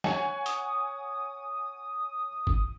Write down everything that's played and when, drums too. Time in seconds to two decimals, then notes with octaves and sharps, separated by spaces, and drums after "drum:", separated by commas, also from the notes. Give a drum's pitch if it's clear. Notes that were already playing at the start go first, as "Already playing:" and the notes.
0.04 C#5 F#5 G#5, drum: snare
0.46 D#6, drum: hi-hat
2.47 drum: kick